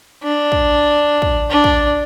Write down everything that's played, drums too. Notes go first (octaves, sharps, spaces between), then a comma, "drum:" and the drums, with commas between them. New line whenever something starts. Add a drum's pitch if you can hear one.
D4
drum: kick
drum: kick
D4
drum: kick